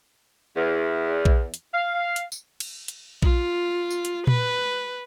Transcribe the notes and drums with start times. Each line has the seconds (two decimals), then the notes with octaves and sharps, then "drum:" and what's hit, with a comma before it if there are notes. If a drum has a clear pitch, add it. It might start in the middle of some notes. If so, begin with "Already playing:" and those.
0.55 E2
1.25 drum: kick A#1
1.54 drum: hi-hat
1.73 F5
2.16 drum: hi-hat
2.32 drum: tambourine
2.60 drum: cymbal
2.88 drum: hi-hat
3.22 F4, drum: kick A#1
3.90 drum: tambourine
4.05 drum: hi-hat
4.27 B4, drum: tom A#2